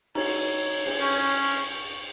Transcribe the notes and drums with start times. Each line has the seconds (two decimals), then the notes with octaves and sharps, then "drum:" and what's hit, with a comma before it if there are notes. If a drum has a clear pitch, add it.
0.15 D#4 F#4 C#5, drum: cymbal
0.86 drum: cymbal
1.01 C#4 C#6 G6
1.57 drum: hi-hat